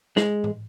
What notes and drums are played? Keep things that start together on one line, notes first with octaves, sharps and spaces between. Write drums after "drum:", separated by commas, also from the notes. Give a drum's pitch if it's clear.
G#3, drum: snare
drum: tom G#2